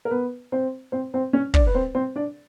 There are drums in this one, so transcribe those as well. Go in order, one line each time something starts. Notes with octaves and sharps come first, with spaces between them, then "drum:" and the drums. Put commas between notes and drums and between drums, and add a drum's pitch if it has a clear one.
A#4
B3 B4
C4 C5
C4 C5
C4 C5
C#4 C#5
D4 D5, drum: kick
B4
C4 C5
C4 C5
D4 D5